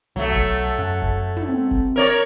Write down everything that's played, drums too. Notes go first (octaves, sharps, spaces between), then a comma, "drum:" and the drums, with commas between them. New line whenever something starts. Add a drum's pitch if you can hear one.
B1 F#3 A3
drum: kick F#1
F#2 F#5
drum: kick F#1
drum: tom
C4
drum: kick F#1
A#4 C#5 D5